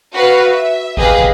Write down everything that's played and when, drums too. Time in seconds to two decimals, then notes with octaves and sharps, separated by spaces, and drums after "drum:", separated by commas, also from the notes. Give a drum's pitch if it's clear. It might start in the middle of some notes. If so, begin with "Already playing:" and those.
0.14 F#4 B4 F5
0.48 E5
0.97 G4 G#4 B4 D#5 F5 B5, drum: kick
1.19 drum: kick